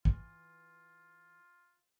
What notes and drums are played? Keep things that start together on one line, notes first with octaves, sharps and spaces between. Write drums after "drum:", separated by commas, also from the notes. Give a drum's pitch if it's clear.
E3 F4, drum: kick